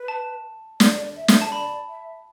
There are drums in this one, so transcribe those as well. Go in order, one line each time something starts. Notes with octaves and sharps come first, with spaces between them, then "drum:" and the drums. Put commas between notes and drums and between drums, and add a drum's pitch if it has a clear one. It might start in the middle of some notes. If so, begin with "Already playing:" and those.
Already playing: B4
A5
D5, drum: snare
E5
drum: snare
A5
D5 B5
E5